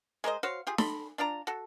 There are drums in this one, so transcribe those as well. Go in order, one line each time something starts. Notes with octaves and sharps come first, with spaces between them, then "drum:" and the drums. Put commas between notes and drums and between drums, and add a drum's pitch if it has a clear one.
G#3 A#4 C5 D#5
F#4 C5 C#5 F5
F4 G4 G#4
A4 B5 C6, drum: snare
D4 F4 D5 A#5
F#4 A4